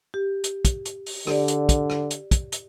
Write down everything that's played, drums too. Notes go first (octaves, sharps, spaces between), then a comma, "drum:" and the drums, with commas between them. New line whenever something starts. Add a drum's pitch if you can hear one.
G4
drum: hi-hat
drum: kick, hi-hat
drum: hi-hat
drum: open hi-hat
D3 G4 D5, drum: rim click
drum: hi-hat
drum: kick, hi-hat
drum: rim click
drum: hi-hat
drum: kick, hi-hat
drum: hi-hat